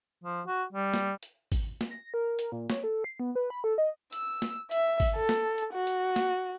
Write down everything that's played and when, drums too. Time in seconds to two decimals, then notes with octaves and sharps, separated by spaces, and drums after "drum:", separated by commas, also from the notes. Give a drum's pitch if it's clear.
0.24 F3
0.47 F#4
0.73 G3
0.94 drum: snare A#3
1.23 drum: hi-hat
1.52 drum: kick G#1, open hi-hat
1.81 drum: snare A#3
1.91 A#6
2.14 A#4
2.39 A#4, drum: hi-hat
2.52 A#2
2.70 C#5, drum: snare A#3
2.83 A4
3.04 C7
3.20 B3
3.35 B4
3.50 B5
3.64 A4
3.78 D#5
4.13 E6, drum: hi-hat
4.42 drum: snare A#3
4.71 E5, drum: hi-hat
5.00 drum: kick G#1, open hi-hat
5.16 A4
5.29 drum: snare A#3
5.58 drum: hi-hat
5.74 F#4
5.87 drum: hi-hat
6.16 drum: snare A#3